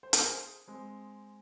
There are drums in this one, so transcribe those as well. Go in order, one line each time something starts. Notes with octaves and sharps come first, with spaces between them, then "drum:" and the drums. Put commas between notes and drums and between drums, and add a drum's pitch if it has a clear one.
C5
A#4, drum: hi-hat
G#4 C5
G#3 C4